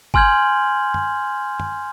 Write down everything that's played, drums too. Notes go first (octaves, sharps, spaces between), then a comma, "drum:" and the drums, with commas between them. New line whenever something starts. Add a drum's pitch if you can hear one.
G#5 C6 F6 G6 G#6 F#7, drum: kick G1
drum: tom F#2
drum: tom F#2